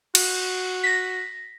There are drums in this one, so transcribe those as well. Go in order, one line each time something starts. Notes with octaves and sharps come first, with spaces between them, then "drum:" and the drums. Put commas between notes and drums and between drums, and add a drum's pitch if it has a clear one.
F#4, drum: cymbal
A#6 B6